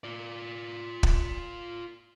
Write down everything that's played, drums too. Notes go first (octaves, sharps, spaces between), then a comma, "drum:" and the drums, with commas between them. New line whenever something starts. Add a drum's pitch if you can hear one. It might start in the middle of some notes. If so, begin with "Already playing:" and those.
F4 D5
drum: kick